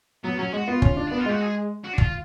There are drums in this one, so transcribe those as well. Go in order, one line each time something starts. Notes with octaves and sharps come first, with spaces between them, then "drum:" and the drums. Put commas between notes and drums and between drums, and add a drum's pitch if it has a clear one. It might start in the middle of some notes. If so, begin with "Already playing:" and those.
F#3 B3
F#3 C#4
G#3 F#4
B3 F4
C#4, drum: kick
D4
B3 D4
F4
G#3 F#4
G#4
F#4
D4
F4, drum: kick